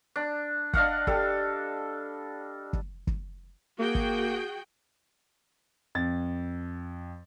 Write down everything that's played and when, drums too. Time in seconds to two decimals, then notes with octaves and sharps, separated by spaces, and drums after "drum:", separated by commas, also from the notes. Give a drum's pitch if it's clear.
0.16 D4
0.73 D4 D#5 F5 F#5, drum: kick
1.07 G3 A4, drum: kick
2.73 drum: kick
3.07 drum: kick
3.79 A#3 F#4 G#4 G5
3.95 drum: kick
5.95 F2 A6